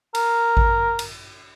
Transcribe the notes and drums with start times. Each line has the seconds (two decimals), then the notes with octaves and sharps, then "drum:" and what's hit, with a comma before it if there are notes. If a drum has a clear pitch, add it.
0.15 A#4, drum: cymbal
0.57 drum: kick A1
0.99 drum: cymbal